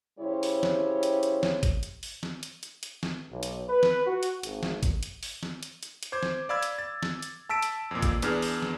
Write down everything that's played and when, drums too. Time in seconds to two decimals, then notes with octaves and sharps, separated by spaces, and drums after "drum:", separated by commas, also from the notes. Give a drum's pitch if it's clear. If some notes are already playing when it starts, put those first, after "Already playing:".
0.20 C#3 G3 E4 G4 C5 C#5
0.43 drum: open hi-hat
0.63 drum: snare
1.03 drum: hi-hat
1.23 drum: hi-hat
1.43 drum: snare
1.63 drum: kick, hi-hat
1.83 drum: hi-hat
2.03 drum: open hi-hat
2.23 drum: snare
2.43 drum: hi-hat
2.63 drum: hi-hat
2.83 drum: hi-hat
3.03 drum: snare
3.30 B1
3.43 drum: hi-hat
3.68 B4
3.83 drum: snare
4.06 F#4
4.23 drum: hi-hat
4.43 G#1, drum: hi-hat
4.63 drum: snare
4.83 drum: kick, hi-hat
5.03 drum: hi-hat
5.23 drum: open hi-hat
5.43 drum: snare
5.63 drum: hi-hat
5.83 drum: hi-hat
6.03 drum: hi-hat
6.12 C5 D6 G#6
6.23 drum: snare
6.49 D5 F5 B5 E6 G#6
6.63 drum: hi-hat
6.79 A6
7.03 drum: snare
7.23 drum: hi-hat
7.49 A5 E6 B6 D7
7.62 drum: hi-hat
7.91 F2 A#2
8.02 drum: kick, hi-hat
8.22 E2 B3 D4 G#4 F6, drum: hi-hat
8.42 drum: open hi-hat
8.62 drum: snare